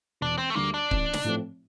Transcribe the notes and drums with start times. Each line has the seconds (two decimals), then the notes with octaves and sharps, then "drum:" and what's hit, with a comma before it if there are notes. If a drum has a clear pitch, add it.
0.21 E1 D4
0.38 C4
0.50 A3
0.55 D2 D3 G3 A#3
0.74 D4
0.91 A1, drum: kick C#1
1.13 drum: snare
1.24 A2 F3 A3 C4